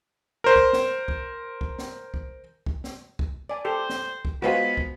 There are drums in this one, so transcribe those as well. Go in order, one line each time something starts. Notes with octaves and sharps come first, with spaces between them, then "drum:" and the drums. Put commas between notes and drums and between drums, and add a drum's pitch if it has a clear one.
A#4 C5
drum: kick
drum: snare
drum: kick
drum: kick
drum: snare
drum: kick
drum: kick
drum: snare
drum: kick
D5 G#5
G4 A4 C5
drum: snare
drum: kick
G#3 B3 F4 F#4 C5 G#5 B5
drum: kick